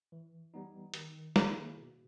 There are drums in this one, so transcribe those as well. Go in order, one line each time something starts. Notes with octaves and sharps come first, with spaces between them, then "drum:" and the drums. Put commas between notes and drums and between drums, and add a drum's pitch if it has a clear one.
E3
G3 B3 D#4
D#3, drum: hi-hat
A#3 E4 G#4, drum: snare
B2